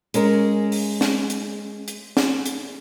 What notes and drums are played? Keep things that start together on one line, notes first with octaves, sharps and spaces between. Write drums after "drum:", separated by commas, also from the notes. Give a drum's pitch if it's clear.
G#3 C#4 A#4, drum: hi-hat
drum: open hi-hat
drum: snare
drum: hi-hat
drum: hi-hat
drum: snare
drum: hi-hat